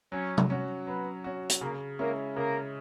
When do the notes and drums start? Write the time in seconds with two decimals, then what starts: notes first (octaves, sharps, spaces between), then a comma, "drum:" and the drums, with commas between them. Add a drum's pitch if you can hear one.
0.12 F#3 C#4 C#5
0.38 drum: tom C3
0.50 C#4 F#4
0.87 F#3 B3 B4
1.24 C#4 F#4
1.50 drum: hi-hat
1.61 C#3 A#3 A#4
1.99 G#3 A#3 C#4 E4 A#4
2.35 C#3 A#3 A#4